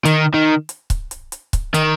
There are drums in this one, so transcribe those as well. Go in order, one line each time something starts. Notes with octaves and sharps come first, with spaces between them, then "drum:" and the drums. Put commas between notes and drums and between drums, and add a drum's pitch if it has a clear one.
D#3, drum: hi-hat
D#3
drum: hi-hat
drum: kick C#1, hi-hat
drum: hi-hat
drum: hi-hat
drum: kick C#1, hi-hat
D#3, drum: hi-hat